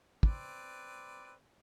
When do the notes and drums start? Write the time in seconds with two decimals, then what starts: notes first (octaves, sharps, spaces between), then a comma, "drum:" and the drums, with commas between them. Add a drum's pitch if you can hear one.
0.23 C4 B4 D5, drum: kick